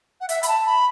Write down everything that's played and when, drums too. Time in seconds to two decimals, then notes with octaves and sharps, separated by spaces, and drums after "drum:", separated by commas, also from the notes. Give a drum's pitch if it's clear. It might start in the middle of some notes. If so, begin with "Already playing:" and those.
0.21 F#5
0.29 E5, drum: hi-hat
0.43 B5, drum: hi-hat
0.48 A5
0.66 B5